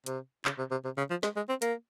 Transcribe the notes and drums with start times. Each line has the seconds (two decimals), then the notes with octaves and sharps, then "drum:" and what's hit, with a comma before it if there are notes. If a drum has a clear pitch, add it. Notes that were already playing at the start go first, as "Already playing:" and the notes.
0.06 C3, drum: hi-hat
0.45 C#3, drum: clap
0.58 C3
0.71 C3
0.85 C3
0.97 C#3
1.10 F3
1.23 G#3, drum: snare
1.36 G#3
1.49 C4
1.62 A#3, drum: hi-hat